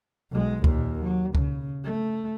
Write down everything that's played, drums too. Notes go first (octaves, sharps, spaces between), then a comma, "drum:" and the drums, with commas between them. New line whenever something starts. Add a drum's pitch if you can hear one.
B1 G#3
D#2 A#2, drum: kick C#2
F#3
C#3, drum: kick C#2
A3